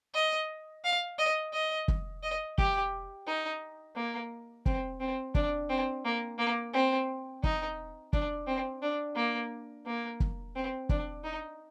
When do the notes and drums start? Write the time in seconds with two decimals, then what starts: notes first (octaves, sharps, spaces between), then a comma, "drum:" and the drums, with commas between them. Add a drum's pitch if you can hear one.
0.14 D#5
0.84 F5
1.18 D#5
1.53 D#5
1.88 drum: kick
2.23 D#5
2.58 G4, drum: kick
3.27 D#4
3.96 A#3
4.66 C4, drum: kick
5.00 C4
5.35 D4, drum: kick
5.69 C4
6.05 A#3
6.38 A#3
6.74 C4
7.43 D#4, drum: kick
8.13 D4, drum: kick
8.47 C4
8.82 D4
9.16 A#3
9.86 A#3
10.20 drum: kick
10.55 C4
10.89 D4, drum: kick
11.24 D#4